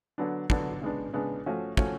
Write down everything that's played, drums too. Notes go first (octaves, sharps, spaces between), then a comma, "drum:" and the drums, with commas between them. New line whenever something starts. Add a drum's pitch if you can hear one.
D3 F#3 B3 D4
D3 F#3 B3 D4, drum: kick
C#3 G#3 B3 D4
C#3 G#3 B3 D4
F3 A3 C#4 F#4
F3 A3 C#4 F#4, drum: kick